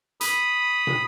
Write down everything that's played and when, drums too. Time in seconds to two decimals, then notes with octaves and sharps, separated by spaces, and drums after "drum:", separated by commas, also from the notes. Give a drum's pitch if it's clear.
0.21 B5 D#6, drum: hi-hat
0.87 drum: tom